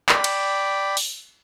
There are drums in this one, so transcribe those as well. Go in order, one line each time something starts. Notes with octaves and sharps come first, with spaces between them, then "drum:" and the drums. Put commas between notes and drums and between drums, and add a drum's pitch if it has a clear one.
D5 G5 B5, drum: clap
drum: cymbal
drum: open hi-hat